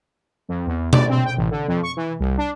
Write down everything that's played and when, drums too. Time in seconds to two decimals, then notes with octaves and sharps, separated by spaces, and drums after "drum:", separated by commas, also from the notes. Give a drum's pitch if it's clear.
0.49 F2
0.67 E2
0.93 D5, drum: tom B2
1.09 C4
1.25 G5
1.37 A1
1.51 D3
1.68 F2
1.83 C#6
1.96 E3
2.20 C2
2.38 D4